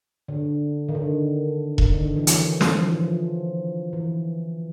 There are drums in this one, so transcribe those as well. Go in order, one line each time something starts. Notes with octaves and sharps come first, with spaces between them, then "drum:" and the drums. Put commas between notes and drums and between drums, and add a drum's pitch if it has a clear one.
D3
D#3
D3
D#3, drum: kick E1
D3
D#3
E3
F#3, drum: hi-hat
E3, drum: snare
F3
E3
F3
E3